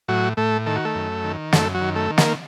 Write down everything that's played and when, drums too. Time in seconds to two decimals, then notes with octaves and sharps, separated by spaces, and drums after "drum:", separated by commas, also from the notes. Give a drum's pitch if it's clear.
0.08 A2 F#3 F#4
0.37 A2 A3 A4
0.66 D#3 A4
0.76 F#4
0.85 A3 A4
0.95 F#2
1.24 D#3
1.52 F#2 A3 A4, drum: snare
1.74 F#3 F#4
1.81 D#3
1.96 A3 A4
2.10 D#3
2.18 A#3 A#4, drum: snare